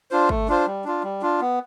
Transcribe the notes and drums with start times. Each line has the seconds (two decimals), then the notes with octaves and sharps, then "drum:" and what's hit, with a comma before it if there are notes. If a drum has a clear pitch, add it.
0.11 D4 F4 C5
0.29 A3, drum: kick
0.48 D4 F4 C5
0.66 G3
0.84 D4 F4
1.03 G3
1.22 D4 F4
1.41 B3